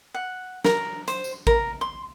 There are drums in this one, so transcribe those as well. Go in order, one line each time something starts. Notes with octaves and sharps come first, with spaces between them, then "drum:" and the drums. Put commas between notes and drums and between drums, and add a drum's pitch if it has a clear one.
F#5
A#4, drum: snare
C5, drum: hi-hat
drum: tambourine
A#4, drum: kick
C6